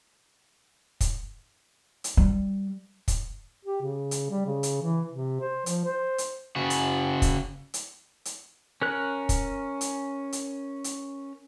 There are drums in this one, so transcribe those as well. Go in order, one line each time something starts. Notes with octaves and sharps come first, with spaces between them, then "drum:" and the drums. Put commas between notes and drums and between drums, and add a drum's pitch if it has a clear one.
drum: kick, hi-hat
drum: hi-hat
G3
drum: kick, hi-hat
G4
C#3
drum: hi-hat
G3
C#3
drum: hi-hat
E3
C3
C5
F3, drum: hi-hat
C5
drum: hi-hat
C#3 F#4
drum: hi-hat
drum: kick, hi-hat
drum: hi-hat
drum: hi-hat
C#4 A#4 F#6
drum: kick, hi-hat
drum: hi-hat
drum: hi-hat
drum: hi-hat